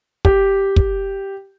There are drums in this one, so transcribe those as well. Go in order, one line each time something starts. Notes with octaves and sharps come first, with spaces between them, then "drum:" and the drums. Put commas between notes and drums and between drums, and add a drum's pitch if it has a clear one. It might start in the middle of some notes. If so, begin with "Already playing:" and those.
G4, drum: kick
drum: kick